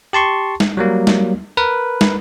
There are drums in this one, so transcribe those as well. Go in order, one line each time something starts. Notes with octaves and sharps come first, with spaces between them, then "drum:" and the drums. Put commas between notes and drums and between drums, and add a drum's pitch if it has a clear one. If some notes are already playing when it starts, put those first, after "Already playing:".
G4 A5 C6 C#6
drum: snare
F#3 G3 A#3
drum: snare
A#4 B4
drum: snare